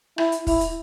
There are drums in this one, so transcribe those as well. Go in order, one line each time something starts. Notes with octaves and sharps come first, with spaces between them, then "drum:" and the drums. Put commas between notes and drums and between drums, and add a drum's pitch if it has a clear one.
E4, drum: rim click
drum: hi-hat
E4, drum: kick, open hi-hat
drum: hi-hat